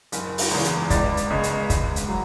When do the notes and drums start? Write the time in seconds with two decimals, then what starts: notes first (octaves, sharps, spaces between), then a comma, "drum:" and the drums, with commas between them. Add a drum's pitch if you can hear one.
0.12 F#1, drum: hi-hat
0.38 drum: open hi-hat
0.51 E2 C#3
0.64 drum: hi-hat
0.90 C#2 D5, drum: kick, hi-hat
1.17 drum: hi-hat
1.30 C#3 G#3
1.43 drum: hi-hat
1.70 C#2, drum: kick, hi-hat
1.96 drum: hi-hat
2.09 F#3